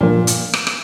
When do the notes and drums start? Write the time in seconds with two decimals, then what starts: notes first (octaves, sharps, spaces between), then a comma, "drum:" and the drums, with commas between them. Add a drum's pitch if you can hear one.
0.01 G2 A#2 F3 A#3
0.27 drum: hi-hat
0.53 drum: rim click
0.67 drum: rim click